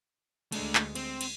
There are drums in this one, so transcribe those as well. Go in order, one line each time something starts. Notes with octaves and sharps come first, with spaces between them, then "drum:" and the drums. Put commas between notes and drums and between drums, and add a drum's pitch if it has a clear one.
D2 G#3 A3 D4, drum: cymbal
drum: clap
C4, drum: cymbal
drum: cymbal